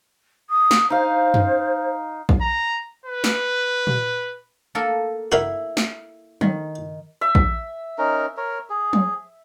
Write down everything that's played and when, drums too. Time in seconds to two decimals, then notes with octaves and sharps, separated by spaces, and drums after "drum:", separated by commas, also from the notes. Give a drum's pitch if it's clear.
0.50 D#6
0.71 drum: snare
0.90 D#4 C5 F5
1.34 drum: tom F#2
2.29 drum: kick A#1
2.41 A#5
3.06 B4
3.24 drum: snare
3.87 drum: tom A#2
4.75 A#3 A4 A#4
5.32 E4 F#4 A#4 E5
5.77 drum: snare
6.41 D#3, drum: tom F3
7.21 E5
7.35 drum: kick A#1
7.98 C#4 D#4 A#4
8.37 A#4 C#5
8.70 G#4
8.93 drum: tom F3